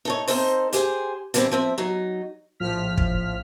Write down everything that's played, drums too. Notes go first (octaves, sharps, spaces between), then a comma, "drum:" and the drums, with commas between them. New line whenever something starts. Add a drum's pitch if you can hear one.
D#4 A4 C#5
C4 D#4 A4 A#4 C5, drum: open hi-hat
G4 G#4 C5 G#5, drum: hi-hat
D3 E3 G3 A3 C4, drum: hi-hat
F3 C4 E5
F#3 D#4
A#1 A2 F3 F6 B6
drum: kick